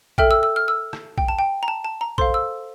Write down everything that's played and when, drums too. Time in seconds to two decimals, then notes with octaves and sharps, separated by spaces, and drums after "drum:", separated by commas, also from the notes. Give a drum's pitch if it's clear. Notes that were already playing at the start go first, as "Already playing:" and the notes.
0.18 A4 E5 G5 F6, drum: kick
0.31 E6
0.43 E6
0.56 F6
0.68 E6
0.93 drum: rim click
1.18 G5, drum: kick
1.28 A5
1.39 G5
1.63 A#5
1.68 A5
1.85 A5
2.01 A#5
2.18 A4 C5 F5 C6, drum: kick
2.34 E6